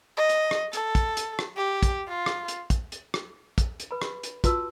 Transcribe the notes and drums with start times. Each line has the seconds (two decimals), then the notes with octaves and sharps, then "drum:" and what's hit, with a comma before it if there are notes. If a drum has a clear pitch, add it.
0.17 D#5
0.29 drum: hi-hat
0.51 drum: rim click
0.73 A4, drum: hi-hat
0.95 drum: kick, hi-hat
1.17 drum: hi-hat
1.39 drum: rim click
1.57 G4
1.83 drum: kick, hi-hat
2.08 F4
2.26 drum: rim click
2.48 drum: hi-hat
2.70 drum: kick, hi-hat
2.92 drum: hi-hat
3.14 drum: rim click
3.58 drum: kick, hi-hat
3.80 drum: hi-hat
3.91 B4 B5
4.02 drum: rim click
4.23 drum: hi-hat
4.44 F4 F#4 B4 A5 E6, drum: kick, hi-hat